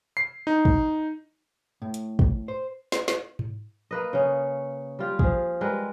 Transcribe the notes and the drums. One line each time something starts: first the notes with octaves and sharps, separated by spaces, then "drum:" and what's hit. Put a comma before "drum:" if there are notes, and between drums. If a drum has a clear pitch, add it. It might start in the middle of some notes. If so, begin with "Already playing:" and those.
C7
D#4
drum: kick
A2
drum: hi-hat
drum: kick
C5
drum: snare
drum: snare
drum: tom G#2
A#3 B4 D#5
C#3 C#4
G3 F4 G4
F3 G#4, drum: kick
G3 G#3 A#4 B4